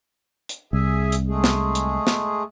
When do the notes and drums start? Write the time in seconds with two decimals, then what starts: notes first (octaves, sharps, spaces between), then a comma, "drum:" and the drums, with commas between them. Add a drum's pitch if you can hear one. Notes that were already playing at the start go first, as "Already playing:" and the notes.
0.49 drum: hi-hat
0.73 C2 G#4 E5 G#5
1.12 drum: hi-hat
1.28 G#3 A3 G#4
1.44 drum: snare
1.75 drum: hi-hat
2.07 drum: snare